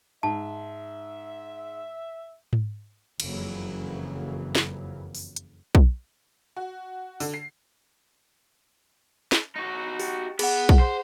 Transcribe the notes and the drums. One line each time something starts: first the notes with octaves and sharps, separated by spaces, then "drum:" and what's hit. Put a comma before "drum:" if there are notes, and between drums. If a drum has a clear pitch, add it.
G#2 E5 A5
drum: tom G#2
F#1 F2 C#3 E3 F#3 A#3, drum: cymbal
drum: snare
drum: open hi-hat
drum: hi-hat
drum: kick B1
F#4
D3, drum: open hi-hat
C7
drum: snare
D#4 F#4
G4, drum: open hi-hat
B3 G#4 F#5, drum: cymbal
drum: kick B1
C5